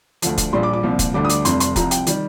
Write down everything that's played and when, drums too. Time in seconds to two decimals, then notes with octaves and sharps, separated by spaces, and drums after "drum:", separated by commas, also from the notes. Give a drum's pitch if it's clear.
0.22 D2 D3 F3, drum: hi-hat
0.38 drum: kick, hi-hat
0.53 A#1 A#2 G3 C6
0.63 D6
0.73 D6
0.84 C2 A#2 F3
0.99 drum: kick, hi-hat
1.14 D2 D3 G3 D6
1.25 D#6
1.29 D6, drum: hi-hat
1.45 F1 F2 C3 G3 C6, drum: hi-hat
1.60 C6, drum: hi-hat
1.76 C2 C3 F3 A#5, drum: kick, hi-hat
1.91 G5, drum: hi-hat
2.07 D#3 G3, drum: hi-hat